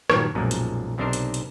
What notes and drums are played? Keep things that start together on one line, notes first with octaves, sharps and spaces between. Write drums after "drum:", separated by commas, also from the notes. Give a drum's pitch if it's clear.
G2 A#2 D#3 F#3, drum: rim click
B1 F#2 A#2 F3 G#3
drum: hi-hat
B1 C3 D4 D#4 A#4 C5
drum: hi-hat
drum: hi-hat